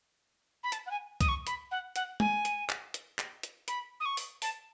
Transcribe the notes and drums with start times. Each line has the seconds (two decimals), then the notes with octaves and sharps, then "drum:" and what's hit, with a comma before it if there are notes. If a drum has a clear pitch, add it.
0.63 B5
0.72 A5, drum: hi-hat
0.86 F#5
0.91 G#5
1.21 D#6, drum: kick C2, hi-hat
1.28 C#6
1.47 B5, drum: hi-hat
1.71 F#5
1.96 F#5, drum: hi-hat
2.20 G#5, drum: tom G#3
2.45 drum: hi-hat
2.70 drum: clap
2.94 drum: hi-hat
3.19 drum: clap
3.43 drum: hi-hat
3.68 B5, drum: hi-hat
4.00 D#6
4.05 C#6
4.17 drum: open hi-hat
4.42 A5, drum: open hi-hat